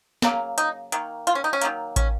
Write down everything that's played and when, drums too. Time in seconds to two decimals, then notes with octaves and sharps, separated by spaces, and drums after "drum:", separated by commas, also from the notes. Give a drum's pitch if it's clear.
0.22 C#3 F#3 A#3, drum: snare
0.58 D#4, drum: hi-hat
0.92 D#3 A#3, drum: hi-hat
1.27 F4, drum: hi-hat
1.35 C#4
1.44 D#4
1.53 C#4
1.61 D#3 F#3 A#3, drum: hi-hat
1.96 C#4, drum: kick A1, hi-hat